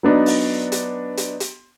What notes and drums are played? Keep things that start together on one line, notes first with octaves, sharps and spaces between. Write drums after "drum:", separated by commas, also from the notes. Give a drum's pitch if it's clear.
F#3 B3 D4 D#4
drum: open hi-hat
drum: hi-hat
drum: hi-hat
drum: hi-hat